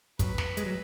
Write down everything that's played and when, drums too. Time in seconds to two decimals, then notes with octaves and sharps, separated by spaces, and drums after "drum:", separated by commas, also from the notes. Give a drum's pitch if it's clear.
0.19 F#3 B4, drum: kick, hi-hat
0.38 drum: snare
0.57 G#3, drum: hi-hat
0.66 F#3